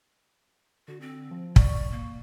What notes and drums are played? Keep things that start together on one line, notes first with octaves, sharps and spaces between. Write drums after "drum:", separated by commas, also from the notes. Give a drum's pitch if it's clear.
D3 F#4
C4
F3
D5 C#6, drum: kick
A#3